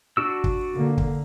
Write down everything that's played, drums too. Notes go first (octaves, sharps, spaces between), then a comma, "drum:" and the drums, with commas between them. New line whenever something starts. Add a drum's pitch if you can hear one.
D4 F#4 E6
drum: kick
D3 A#3
drum: kick